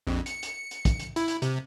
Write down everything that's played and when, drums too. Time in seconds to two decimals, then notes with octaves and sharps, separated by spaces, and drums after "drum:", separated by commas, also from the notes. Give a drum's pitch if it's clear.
0.07 A#1 F2
0.26 C#7, drum: hi-hat
0.43 drum: hi-hat
0.71 drum: hi-hat
0.85 drum: kick, hi-hat
0.99 drum: hi-hat
1.16 E4, drum: hi-hat
1.28 drum: hi-hat
1.42 C3, drum: hi-hat